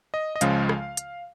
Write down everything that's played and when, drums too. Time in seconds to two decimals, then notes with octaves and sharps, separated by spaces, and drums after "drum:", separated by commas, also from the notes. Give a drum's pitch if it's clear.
0.14 D#5
0.36 D#5
0.41 C#2 C#3 F3 G#3 F5, drum: hi-hat
0.69 drum: rim click
0.97 drum: hi-hat